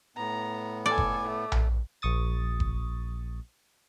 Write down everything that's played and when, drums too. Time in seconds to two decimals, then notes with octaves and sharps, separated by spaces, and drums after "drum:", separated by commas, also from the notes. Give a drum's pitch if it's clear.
0.16 A2 B3 A#5
0.86 A4 D5 G#5 D6
0.98 drum: kick F#1
1.26 A3
1.52 drum: tom A#1
2.02 A#1 C#6 D#6 A6
2.60 drum: kick F#1